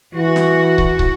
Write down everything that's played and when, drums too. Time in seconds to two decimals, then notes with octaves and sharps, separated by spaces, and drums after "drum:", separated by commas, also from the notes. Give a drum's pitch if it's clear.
0.15 E3 F#4
0.36 drum: snare
0.78 drum: kick
0.99 drum: kick